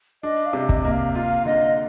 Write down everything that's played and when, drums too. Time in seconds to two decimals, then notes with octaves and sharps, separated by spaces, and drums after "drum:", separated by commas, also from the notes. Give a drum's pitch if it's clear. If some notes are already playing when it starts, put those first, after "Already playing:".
0.23 D4 D#5
0.46 F5
0.53 C3
0.69 D#5, drum: kick
0.82 A#3 D#5
0.92 F5
1.15 F4 F5
1.45 D3 D#5